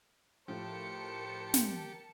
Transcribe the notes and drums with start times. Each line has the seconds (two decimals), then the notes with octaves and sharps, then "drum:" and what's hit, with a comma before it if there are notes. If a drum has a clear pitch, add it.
0.48 A2 F3 G4 A#4 C5 A5 C#7
1.54 drum: snare